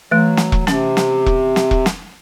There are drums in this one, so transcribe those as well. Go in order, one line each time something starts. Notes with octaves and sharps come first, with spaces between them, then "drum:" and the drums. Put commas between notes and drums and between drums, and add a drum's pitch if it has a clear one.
E3 F#3 A3
drum: snare
drum: kick E1
C3 C#4, drum: snare
drum: snare
drum: kick E1
drum: snare
drum: kick E1
drum: snare